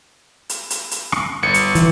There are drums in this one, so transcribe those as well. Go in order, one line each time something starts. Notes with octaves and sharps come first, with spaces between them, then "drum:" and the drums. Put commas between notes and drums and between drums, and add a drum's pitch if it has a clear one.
drum: hi-hat
drum: hi-hat
drum: hi-hat
drum: rim click
G1 C#7
drum: hi-hat
E3, drum: hi-hat